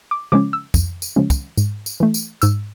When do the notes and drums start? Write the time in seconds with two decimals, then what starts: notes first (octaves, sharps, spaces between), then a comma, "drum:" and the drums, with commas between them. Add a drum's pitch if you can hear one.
0.11 D6
0.32 C#3 F3 G#3 C#4 D6
0.53 E6
0.74 F2, drum: kick, tambourine
1.02 drum: tambourine
1.16 C#3 F3 G#3 C#4
1.30 drum: kick, tambourine
1.57 G#2, drum: tambourine
1.86 drum: tambourine
2.00 E3 A3
2.14 drum: tambourine
2.42 G#2 E6, drum: tambourine